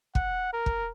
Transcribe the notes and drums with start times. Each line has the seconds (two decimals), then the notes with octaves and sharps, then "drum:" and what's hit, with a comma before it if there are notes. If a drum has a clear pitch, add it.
0.15 F#5, drum: kick
0.53 A#4
0.66 drum: kick